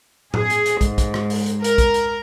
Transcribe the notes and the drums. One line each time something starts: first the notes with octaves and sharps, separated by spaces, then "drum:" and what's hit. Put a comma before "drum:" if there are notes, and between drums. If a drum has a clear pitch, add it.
G#4, drum: tom A2
drum: hi-hat
drum: hi-hat
G#2, drum: kick, hi-hat
drum: kick, hi-hat
drum: rim click
drum: open hi-hat
drum: hi-hat
A#4, drum: hi-hat
drum: kick, hi-hat
drum: hi-hat